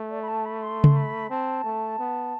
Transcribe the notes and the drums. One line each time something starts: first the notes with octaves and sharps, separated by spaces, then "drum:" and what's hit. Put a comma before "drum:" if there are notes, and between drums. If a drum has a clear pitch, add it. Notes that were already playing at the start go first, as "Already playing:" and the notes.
Already playing: A3
D5
B5
A5
B5
C6
drum: tom C#3
B5
C4 A5
A3
B3